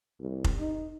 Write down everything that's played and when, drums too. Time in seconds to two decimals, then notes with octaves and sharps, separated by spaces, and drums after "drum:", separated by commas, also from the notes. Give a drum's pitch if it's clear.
0.20 C2
0.44 drum: kick F1
0.59 D#4